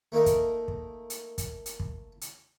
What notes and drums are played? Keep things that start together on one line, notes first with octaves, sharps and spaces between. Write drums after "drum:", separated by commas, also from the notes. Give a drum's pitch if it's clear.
A3 A#3 D#4 A#4
drum: kick, hi-hat
drum: kick
drum: hi-hat
drum: kick, hi-hat
drum: hi-hat
drum: kick
drum: hi-hat